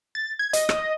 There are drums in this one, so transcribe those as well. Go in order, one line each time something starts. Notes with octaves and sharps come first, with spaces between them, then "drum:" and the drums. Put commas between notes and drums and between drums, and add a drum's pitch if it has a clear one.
A6
G#6
D#5, drum: hi-hat
drum: rim click